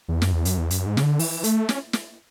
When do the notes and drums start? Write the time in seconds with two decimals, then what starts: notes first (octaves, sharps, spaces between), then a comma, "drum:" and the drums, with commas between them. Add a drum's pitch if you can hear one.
0.08 E2
0.22 F#2, drum: snare
0.33 E2
0.45 F#2, drum: hi-hat
0.57 E2
0.70 F#2, drum: hi-hat
0.86 G#2
0.97 C#3, drum: snare
1.03 D3
1.19 E3, drum: open hi-hat
1.44 A3, drum: hi-hat
1.69 C#4, drum: snare
1.93 drum: snare